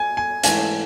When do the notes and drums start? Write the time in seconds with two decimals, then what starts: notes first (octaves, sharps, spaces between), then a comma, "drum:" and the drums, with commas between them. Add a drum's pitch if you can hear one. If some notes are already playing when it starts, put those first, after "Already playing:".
Already playing: G#5
0.17 G#5
0.44 G#2 E3 A3 G#5, drum: hi-hat